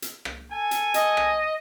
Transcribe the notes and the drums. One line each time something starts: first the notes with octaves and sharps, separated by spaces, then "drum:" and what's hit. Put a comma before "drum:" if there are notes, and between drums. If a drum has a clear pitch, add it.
drum: hi-hat
drum: rim click
A4 G#5
drum: hi-hat
D#5, drum: hi-hat
drum: rim click